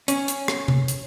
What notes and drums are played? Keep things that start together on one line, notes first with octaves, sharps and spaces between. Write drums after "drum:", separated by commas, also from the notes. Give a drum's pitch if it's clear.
C#4, drum: hi-hat
drum: hi-hat
drum: rim click
drum: tom C3
drum: hi-hat